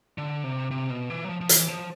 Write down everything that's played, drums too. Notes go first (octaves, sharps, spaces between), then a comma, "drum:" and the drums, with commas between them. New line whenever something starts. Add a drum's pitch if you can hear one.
D3
C3
C3
B2
E3
F#3
F3
F3
E3, drum: hi-hat
F3